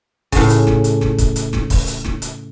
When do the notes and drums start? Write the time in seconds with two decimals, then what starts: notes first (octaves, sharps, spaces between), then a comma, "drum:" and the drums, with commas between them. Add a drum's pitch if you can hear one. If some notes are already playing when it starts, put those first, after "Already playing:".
0.32 A2 C#3, drum: kick, open hi-hat
0.50 drum: hi-hat
0.67 drum: snare
0.84 drum: hi-hat
1.01 drum: snare
1.18 drum: kick, hi-hat
1.36 drum: hi-hat
1.53 drum: snare
1.70 drum: kick, open hi-hat
1.87 drum: hi-hat
2.05 drum: snare
2.22 drum: hi-hat